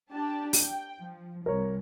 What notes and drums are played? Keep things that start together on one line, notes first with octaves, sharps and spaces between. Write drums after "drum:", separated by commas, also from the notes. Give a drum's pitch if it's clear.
D4 G4 A5
G5, drum: open hi-hat
F3
C2 A#4 C#5